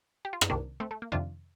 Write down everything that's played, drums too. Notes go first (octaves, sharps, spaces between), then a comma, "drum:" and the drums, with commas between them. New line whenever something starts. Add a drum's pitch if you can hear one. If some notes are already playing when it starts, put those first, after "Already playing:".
G4
F4
D#4, drum: rim click
C2 C3 D#3 A#3 D4
A3 C4
A3
A#3
F2 C3 D#3 D4 F4